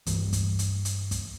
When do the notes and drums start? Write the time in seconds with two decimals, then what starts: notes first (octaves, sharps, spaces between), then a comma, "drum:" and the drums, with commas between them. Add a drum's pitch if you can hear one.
0.06 G2 E3, drum: kick, hi-hat
0.33 drum: kick, hi-hat
0.59 drum: hi-hat
0.85 drum: hi-hat
1.11 drum: kick, hi-hat